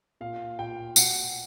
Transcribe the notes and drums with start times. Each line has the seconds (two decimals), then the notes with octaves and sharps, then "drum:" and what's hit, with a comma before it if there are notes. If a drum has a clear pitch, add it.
0.21 A#2 F5
0.59 A#2 G5
0.96 B2 F#5, drum: tambourine